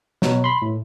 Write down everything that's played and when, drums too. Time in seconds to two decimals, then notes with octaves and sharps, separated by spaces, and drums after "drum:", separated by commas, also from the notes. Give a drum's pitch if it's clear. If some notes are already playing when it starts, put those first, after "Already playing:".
0.22 B2 F#3, drum: snare
0.44 B5 C6
0.62 A2